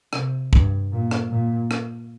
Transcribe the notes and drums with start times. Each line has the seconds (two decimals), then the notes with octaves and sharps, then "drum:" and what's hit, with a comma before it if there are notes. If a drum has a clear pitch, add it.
0.13 C3, drum: rim click
0.53 G2, drum: kick
0.92 A#2
1.11 drum: rim click
1.31 A#2
1.71 drum: rim click